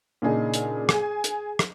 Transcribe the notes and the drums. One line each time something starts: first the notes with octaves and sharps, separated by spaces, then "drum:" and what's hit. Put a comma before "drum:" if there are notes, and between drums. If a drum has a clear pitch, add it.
A#2 C#3 D4 D#4 G#4
drum: hi-hat
G#4 G#5, drum: rim click
drum: hi-hat
drum: rim click